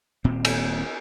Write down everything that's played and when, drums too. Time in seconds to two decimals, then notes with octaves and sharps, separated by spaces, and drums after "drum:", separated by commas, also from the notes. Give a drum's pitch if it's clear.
0.24 D#1 A#2 C4
0.45 drum: cymbal